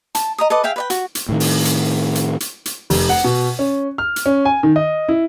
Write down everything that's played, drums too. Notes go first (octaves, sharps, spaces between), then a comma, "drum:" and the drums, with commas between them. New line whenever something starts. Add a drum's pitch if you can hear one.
A5, drum: hi-hat
D#5 A#5 D#6
A4 B4 D#5 D6
G#4 E5 F5 G5
B4 D5 G5
F#4, drum: hi-hat
drum: hi-hat
A2 D#3
drum: open hi-hat
drum: hi-hat
drum: hi-hat
drum: hi-hat
drum: hi-hat
F1, drum: open hi-hat
F#5
B2
C#4
F6
drum: hi-hat
C#4
G#5
D#3
D#5
E4